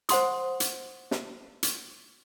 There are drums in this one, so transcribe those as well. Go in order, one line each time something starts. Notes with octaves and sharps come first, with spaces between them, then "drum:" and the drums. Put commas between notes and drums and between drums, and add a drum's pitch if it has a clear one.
C5 F#5 C6 D#6, drum: hi-hat
drum: hi-hat
drum: snare
drum: hi-hat